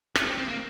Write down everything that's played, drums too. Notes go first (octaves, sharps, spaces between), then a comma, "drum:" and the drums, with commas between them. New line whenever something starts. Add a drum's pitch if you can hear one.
A3, drum: rim click
C4
C4
A#3